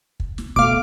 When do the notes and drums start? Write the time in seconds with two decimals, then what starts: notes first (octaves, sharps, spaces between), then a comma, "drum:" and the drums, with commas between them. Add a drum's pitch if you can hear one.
0.20 drum: kick
0.38 drum: snare
0.56 B2 A3 F5 D6, drum: kick